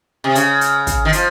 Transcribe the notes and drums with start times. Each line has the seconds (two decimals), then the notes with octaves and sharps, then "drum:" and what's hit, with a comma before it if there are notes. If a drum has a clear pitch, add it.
0.24 C3
0.35 C#3, drum: hi-hat
0.61 drum: hi-hat
0.87 drum: kick, hi-hat
1.05 D#3
1.13 F3, drum: hi-hat